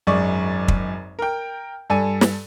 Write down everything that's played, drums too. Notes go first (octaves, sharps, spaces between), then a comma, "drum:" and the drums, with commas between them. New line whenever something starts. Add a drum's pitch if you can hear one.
G#1 F#2 G#3 D5 C#6
drum: kick
A#4 G5
G2 A4 D5 G#5 D#7
drum: snare